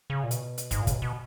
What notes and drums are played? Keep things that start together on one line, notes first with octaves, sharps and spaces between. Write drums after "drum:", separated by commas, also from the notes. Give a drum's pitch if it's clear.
C#3
A#2
B2, drum: hi-hat
drum: hi-hat
G#2, drum: kick, hi-hat
A#2
C#3, drum: kick, hi-hat
B2
B2